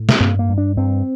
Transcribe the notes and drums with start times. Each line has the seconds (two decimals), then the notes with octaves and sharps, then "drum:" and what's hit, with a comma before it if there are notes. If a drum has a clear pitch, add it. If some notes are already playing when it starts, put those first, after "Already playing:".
Already playing: A2
0.09 A3, drum: snare
0.20 G2 A#3
0.39 A#3
0.49 G2
0.58 D4
0.77 G2 C4